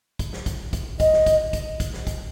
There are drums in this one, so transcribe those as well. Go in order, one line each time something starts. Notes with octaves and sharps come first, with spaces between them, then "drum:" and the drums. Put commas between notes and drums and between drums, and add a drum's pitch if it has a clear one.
drum: kick, hi-hat
drum: snare
drum: kick, hi-hat
drum: kick, hi-hat
D#5, drum: kick, hi-hat
drum: snare
drum: kick, hi-hat
drum: kick, hi-hat
drum: kick, hi-hat
drum: snare
drum: kick, hi-hat